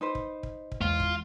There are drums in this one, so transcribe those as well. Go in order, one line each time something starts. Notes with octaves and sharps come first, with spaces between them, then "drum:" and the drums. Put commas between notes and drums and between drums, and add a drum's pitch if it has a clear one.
D#4 B4 C5
drum: kick
drum: kick
drum: kick
E2 E3 G#3 F4
drum: kick